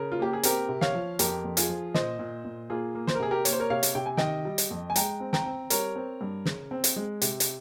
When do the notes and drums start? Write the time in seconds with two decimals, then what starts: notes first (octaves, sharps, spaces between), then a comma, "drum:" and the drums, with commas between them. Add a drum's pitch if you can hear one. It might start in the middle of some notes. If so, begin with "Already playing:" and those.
Already playing: C#3 A#4
0.12 F4
0.19 A#3 G4
0.33 G#4
0.43 C4 G4 A#4, drum: hi-hat
0.69 C3
0.81 C#5 F5, drum: snare
0.94 F3
1.19 F2 G4 A#4, drum: hi-hat
1.44 F2
1.57 F4 G#4, drum: hi-hat
1.69 F3
1.94 A#2 C5 D#5, drum: snare
2.19 A#2
2.45 A#2
2.70 A#3 F4 G#4
2.95 A#3
3.07 C5, drum: snare
3.15 A#4
3.20 C3 G#4
3.31 G4 A#4
3.45 A#3 C#5, drum: hi-hat
3.52 C5
3.60 A#4 C#5
3.70 C3 C#5 F5
3.83 drum: hi-hat
3.95 C3 G5
4.06 G#5
4.17 D#3 D#5 G5, drum: snare
4.45 G3
4.58 drum: hi-hat
4.70 F2
4.90 G#5
4.96 G#3 G5 A#5, drum: hi-hat
5.20 C4
5.33 G5 A#5, drum: snare
5.46 C4
5.70 G3 A#4 C#5, drum: hi-hat
5.96 C4
6.21 G2
6.45 C#3, drum: snare
6.71 C4
6.84 drum: hi-hat
6.96 G#3
7.22 C3, drum: hi-hat
7.40 drum: hi-hat